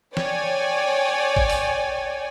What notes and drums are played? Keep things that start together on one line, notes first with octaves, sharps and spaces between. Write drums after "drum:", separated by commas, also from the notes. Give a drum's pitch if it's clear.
C#5 D5 G5 G#5, drum: snare
drum: kick
drum: open hi-hat